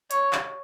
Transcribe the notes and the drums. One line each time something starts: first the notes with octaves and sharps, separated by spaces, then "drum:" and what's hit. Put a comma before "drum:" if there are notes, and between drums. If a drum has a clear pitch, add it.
C#5, drum: hi-hat
drum: clap